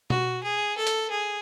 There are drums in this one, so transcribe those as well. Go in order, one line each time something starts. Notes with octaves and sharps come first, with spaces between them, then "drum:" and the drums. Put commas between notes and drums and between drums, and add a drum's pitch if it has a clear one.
F#4, drum: tom B2
G#4
A4
drum: hi-hat
G#4